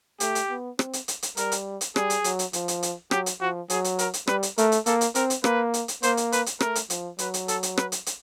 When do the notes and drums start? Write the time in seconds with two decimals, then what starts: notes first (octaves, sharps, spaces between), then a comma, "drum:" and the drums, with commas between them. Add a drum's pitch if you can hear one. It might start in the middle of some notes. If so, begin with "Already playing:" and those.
0.20 A3 G4, drum: hi-hat
0.35 drum: hi-hat
0.50 B3
0.79 C4, drum: rim click
0.93 drum: hi-hat
1.08 drum: hi-hat
1.22 drum: hi-hat
1.37 G3 A#4, drum: hi-hat
1.52 drum: hi-hat
1.81 drum: hi-hat
1.96 G3 G#4, drum: rim click
2.10 drum: hi-hat
2.24 F#3, drum: hi-hat
2.39 drum: hi-hat
2.53 F3, drum: hi-hat
2.68 drum: hi-hat
2.83 drum: hi-hat
3.11 F#3 G4, drum: rim click
3.26 drum: hi-hat
3.41 F3 F#4
3.70 F#3 G#4, drum: hi-hat
3.84 drum: hi-hat
3.99 A#4, drum: hi-hat
4.14 drum: hi-hat
4.27 G3 B4, drum: rim click
4.43 drum: hi-hat
4.58 A3 A#4, drum: hi-hat
4.72 drum: hi-hat
4.86 A#3 A4, drum: hi-hat
5.01 drum: hi-hat
5.15 C4 A#4, drum: hi-hat
5.30 drum: hi-hat
5.44 A#3 B4, drum: rim click
5.74 drum: hi-hat
5.88 drum: hi-hat
6.03 A#3 C5, drum: hi-hat
6.17 drum: hi-hat
6.32 B4, drum: hi-hat
6.46 drum: hi-hat
6.60 A3 A#4, drum: rim click
6.75 drum: hi-hat
6.90 F3, drum: hi-hat
7.19 F#3 B4, drum: hi-hat
7.34 drum: hi-hat
7.48 A4, drum: hi-hat
7.63 drum: hi-hat
7.77 B4, drum: rim click
7.92 drum: hi-hat
8.06 drum: hi-hat